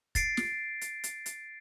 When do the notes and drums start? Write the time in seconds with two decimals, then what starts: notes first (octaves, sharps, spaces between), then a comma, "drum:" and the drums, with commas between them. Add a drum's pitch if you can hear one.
0.15 A6 C7 D7, drum: kick, hi-hat
0.37 drum: snare
0.81 drum: hi-hat
1.04 drum: hi-hat
1.26 drum: hi-hat